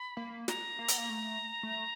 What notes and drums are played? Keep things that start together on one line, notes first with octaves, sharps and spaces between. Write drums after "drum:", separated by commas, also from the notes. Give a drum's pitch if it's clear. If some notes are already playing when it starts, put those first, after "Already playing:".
Already playing: B5
A#3
A#5, drum: snare
A#3
B3, drum: hi-hat
A#3
A3
A3